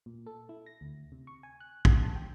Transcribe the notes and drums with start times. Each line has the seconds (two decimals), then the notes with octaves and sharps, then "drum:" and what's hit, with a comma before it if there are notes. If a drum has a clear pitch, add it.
0.06 A#2
0.26 A4
0.49 E4
0.66 A#6
0.81 D2
1.12 C3
1.27 C#6
1.43 G#5
1.60 F#6
1.85 F#5, drum: kick
2.02 A5
2.16 G5